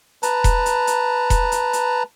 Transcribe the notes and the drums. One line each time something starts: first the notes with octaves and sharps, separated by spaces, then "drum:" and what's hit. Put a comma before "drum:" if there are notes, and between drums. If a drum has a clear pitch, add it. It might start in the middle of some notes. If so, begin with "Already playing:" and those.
B4 A5 A#5, drum: hi-hat
drum: kick E1, hi-hat
drum: hi-hat
drum: hi-hat
drum: kick E1, hi-hat
drum: hi-hat
drum: hi-hat